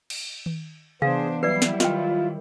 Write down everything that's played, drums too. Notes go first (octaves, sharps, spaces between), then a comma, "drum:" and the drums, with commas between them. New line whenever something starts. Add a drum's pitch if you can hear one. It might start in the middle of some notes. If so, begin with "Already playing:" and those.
drum: cymbal
drum: tom D#3
E3 B3 D4 G#4 C5 F5, drum: tom C3
F#3 G3 E4 B4 D5 C7
drum: snare
D#3 F4 D#5 G5, drum: snare